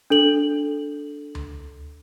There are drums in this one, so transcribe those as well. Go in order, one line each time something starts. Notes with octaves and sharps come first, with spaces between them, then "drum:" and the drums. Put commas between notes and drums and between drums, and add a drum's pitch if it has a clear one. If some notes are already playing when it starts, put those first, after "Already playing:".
D4 A4 F#7
drum: tom D2